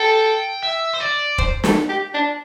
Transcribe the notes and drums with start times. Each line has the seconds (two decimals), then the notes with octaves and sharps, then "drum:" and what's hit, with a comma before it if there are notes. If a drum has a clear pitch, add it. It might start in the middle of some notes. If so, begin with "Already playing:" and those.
Already playing: A4 G5
0.63 E5
0.94 C5
1.01 D5
1.38 C5, drum: kick F1
1.64 A4, drum: snare
1.89 G4
2.14 D4